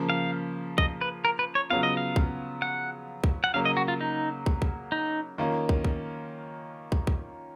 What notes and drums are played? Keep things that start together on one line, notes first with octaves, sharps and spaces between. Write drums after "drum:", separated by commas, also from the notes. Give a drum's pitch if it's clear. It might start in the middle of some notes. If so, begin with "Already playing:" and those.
Already playing: C#3 F3 A#3
F5
D#5, drum: kick
B4
A#4
B4
C#5
C#3 F#3 B3 F4 F5
D#5
F5
drum: kick
F#5
drum: kick
F#5
C#3 F#3 A#3 F5
D#5
F#4
F4
D#4
drum: kick
drum: kick
D#4
D#3 A#3 C#4 F4
drum: kick
drum: kick
drum: kick
drum: kick